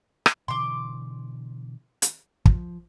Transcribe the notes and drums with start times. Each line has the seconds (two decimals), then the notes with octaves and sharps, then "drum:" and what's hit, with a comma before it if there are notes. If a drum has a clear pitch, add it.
0.26 drum: rim click
0.48 B2 D3 E3 C6 D6
2.02 drum: hi-hat
2.45 F3, drum: kick